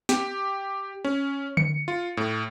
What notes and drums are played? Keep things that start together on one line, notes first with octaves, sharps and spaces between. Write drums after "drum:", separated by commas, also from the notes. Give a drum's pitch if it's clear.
G4, drum: snare
C#4
C#7, drum: tom D3
F4
A2